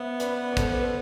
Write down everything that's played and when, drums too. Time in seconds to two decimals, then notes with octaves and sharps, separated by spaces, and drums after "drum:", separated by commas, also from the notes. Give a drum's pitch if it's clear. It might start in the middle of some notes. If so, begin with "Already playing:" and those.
Already playing: B3 C5 E5
0.20 B4 D5, drum: hi-hat
0.52 D5
0.57 A4 C5, drum: kick, hi-hat
0.70 B4 D5
0.83 A4 C5